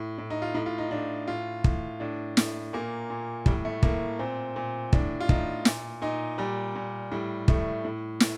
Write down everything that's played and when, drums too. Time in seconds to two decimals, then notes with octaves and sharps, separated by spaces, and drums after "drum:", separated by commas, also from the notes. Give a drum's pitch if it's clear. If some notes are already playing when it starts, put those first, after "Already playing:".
Already playing: A2
0.18 A2
0.30 D#4
0.42 F4
0.54 A2 D#4
0.66 F4
0.78 D#4
0.91 A2 D4
1.28 A2 F4
1.64 A2, drum: kick
2.00 A2 D4
2.37 A2, drum: snare
2.73 A#2 A#3
3.10 A#2
3.46 A2 G3, drum: kick
3.65 A3
3.83 A2 A#3, drum: kick
4.19 A#2 C4
4.56 A#2
4.93 A2 D4, drum: kick
5.20 F4
5.29 A2 D#4, drum: kick
5.65 A#2, drum: snare
6.02 A#2 D#4
6.38 A#2 G3
6.75 A#2
7.12 A2 G3
7.48 A2 A3, drum: kick
7.85 A2
8.20 A2, drum: snare